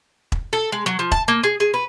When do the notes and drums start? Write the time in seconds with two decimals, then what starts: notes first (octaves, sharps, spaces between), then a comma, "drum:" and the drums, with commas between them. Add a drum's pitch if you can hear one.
0.32 drum: kick E1
0.53 A4
0.72 G#3
0.86 F#3
0.99 F3
1.12 A5, drum: kick E1
1.28 A#3
1.43 G#4
1.60 G#4
1.74 B4